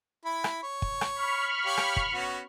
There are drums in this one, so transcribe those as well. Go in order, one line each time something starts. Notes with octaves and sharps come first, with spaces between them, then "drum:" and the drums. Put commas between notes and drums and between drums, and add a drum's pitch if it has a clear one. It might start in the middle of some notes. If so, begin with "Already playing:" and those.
E4 B5
drum: rim click
C#5
drum: kick
drum: rim click
B5 C#6 F6
G4 C#5 F5
drum: rim click
drum: kick
B3 C#4 F#4